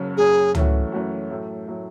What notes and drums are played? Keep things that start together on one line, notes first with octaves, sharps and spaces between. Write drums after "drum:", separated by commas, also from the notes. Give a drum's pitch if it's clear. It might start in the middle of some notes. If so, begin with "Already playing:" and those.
Already playing: F#1 F#2 C#3
F#1 F#2 C#3 G#4
F#2 E3 A3 C#4 F#4, drum: tom C#2
F#2 E3 A3 C#4 F#4
A2 F#3 A3
A2 F#3 A3